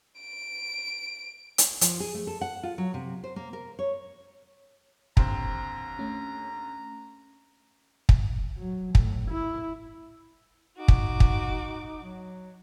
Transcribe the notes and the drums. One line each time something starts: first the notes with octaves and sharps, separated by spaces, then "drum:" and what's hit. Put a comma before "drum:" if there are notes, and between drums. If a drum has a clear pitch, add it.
D7
drum: hi-hat
F3, drum: hi-hat
G#4
A3
A4
F#5
F4
F#3
C3
C5
A#3
A#4
C#5
D#2 D3 C4 A#5, drum: kick
A3 C#4
drum: kick
F#3
A2, drum: kick
E4
D#4 F#4 D6
drum: kick
drum: kick
F#3